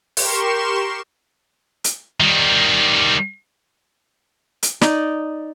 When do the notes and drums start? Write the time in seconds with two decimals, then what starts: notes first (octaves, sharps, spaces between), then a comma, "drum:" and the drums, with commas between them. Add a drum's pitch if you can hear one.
0.17 G4 A#4 C6 C#6 E7, drum: open hi-hat
1.84 drum: hi-hat
2.20 D#3 G3
4.63 drum: hi-hat
4.81 D#4 D5, drum: snare